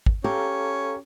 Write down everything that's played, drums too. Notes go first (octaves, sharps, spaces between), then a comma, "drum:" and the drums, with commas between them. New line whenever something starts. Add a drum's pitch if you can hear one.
drum: kick
C#4 G4 A4 F5 A#5